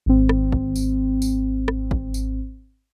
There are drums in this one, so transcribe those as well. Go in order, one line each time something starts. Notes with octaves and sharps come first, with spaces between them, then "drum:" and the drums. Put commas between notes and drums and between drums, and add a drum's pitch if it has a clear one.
G#1 C4
drum: rim click
drum: kick
drum: tambourine
drum: tambourine
drum: rim click
drum: kick
drum: tambourine